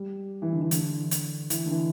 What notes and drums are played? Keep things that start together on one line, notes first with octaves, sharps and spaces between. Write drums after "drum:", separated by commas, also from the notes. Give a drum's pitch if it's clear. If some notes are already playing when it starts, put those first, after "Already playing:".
Already playing: G3
E3
D3
E3
D3, drum: hi-hat
drum: hi-hat
E3, drum: hi-hat
D3
E3